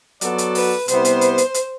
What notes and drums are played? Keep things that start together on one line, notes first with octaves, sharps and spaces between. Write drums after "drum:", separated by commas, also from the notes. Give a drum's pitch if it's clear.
F#3 B3 F#4 A4 D5, drum: hi-hat
drum: hi-hat
B4, drum: open hi-hat
C3 G3 B3 E4 C5, drum: hi-hat
drum: hi-hat
drum: hi-hat
drum: hi-hat
drum: hi-hat